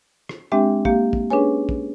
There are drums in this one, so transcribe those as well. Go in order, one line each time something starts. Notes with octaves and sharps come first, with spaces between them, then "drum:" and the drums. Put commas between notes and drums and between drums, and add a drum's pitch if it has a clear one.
drum: rim click
G#3 C4 D4 G4 E5 G5
A#3 G4 F5, drum: kick
drum: kick
C#4 D4 G#4 B4 C#5 G#5
drum: kick